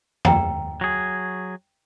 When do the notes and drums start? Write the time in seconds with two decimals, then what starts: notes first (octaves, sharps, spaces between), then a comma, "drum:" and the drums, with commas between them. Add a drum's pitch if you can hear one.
0.25 G5 A#5 E6, drum: tom F2
0.81 F#3 G#4